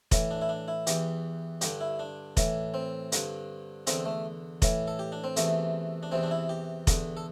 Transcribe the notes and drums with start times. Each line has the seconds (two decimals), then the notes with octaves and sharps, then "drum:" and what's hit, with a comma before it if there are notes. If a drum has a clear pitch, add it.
0.11 A2 E3, drum: kick F1, hi-hat
0.31 D4
0.42 E4
0.49 D4
0.68 E4
0.87 E2 E3 G4, drum: hi-hat
1.61 G2 D3 G4, drum: hi-hat
1.81 E4
1.99 D4
2.37 A2 E3, drum: kick F1, hi-hat
2.74 C4
3.12 G2 D3, drum: hi-hat
3.87 E2 D3 C4, drum: hi-hat
4.05 A3
4.62 A2 E3, drum: kick F1, hi-hat
4.88 A4
4.99 G4
5.12 D4
5.24 C4
5.36 E2 C3 E3 A3, drum: hi-hat
6.03 D4
6.12 E2 C3 E3 C4
6.23 D4
6.31 E4
6.49 G4
6.87 E2 D3, drum: kick F1, hi-hat
7.17 A4